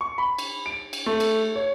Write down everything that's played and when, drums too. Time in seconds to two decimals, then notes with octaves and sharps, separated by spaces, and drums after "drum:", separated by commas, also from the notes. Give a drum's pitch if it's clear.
0.01 C#6
0.18 B5
0.39 drum: cymbal
0.66 D7
0.93 drum: cymbal
1.06 A3
1.20 drum: cymbal
1.56 C#5